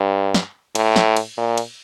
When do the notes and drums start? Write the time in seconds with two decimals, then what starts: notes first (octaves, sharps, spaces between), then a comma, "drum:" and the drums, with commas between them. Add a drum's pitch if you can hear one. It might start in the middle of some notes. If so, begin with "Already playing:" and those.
Already playing: G2
0.34 drum: snare
0.75 A2, drum: cymbal
0.96 drum: snare
1.16 drum: cymbal
1.38 A#2
1.58 drum: cymbal